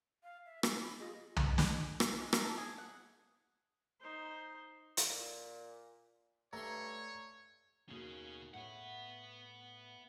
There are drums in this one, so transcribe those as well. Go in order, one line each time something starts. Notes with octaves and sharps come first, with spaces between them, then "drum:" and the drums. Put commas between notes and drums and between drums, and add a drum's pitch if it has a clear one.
F5
E5
G#4, drum: rim click
B5
F4 G4 G#4 D#5
drum: tom
drum: snare
drum: rim click
G#3
A#4, drum: rim click
A4
G#4
F#5
D#4 C5
drum: hi-hat
A#2
G2 A3 C#5 A#5 C6
D#2 B2 D#3 C#4 G#4
A2 B4 F#5